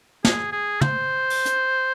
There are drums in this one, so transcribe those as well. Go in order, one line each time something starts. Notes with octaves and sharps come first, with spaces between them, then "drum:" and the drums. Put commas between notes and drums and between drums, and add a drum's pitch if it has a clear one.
G#4, drum: snare
G#4
C5, drum: tom
drum: open hi-hat
drum: hi-hat